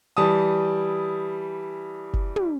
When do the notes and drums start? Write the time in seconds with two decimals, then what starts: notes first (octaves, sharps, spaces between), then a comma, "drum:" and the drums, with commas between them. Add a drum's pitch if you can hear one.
0.17 E3 G3 A5 D#6
2.13 drum: kick F#1
2.36 drum: tom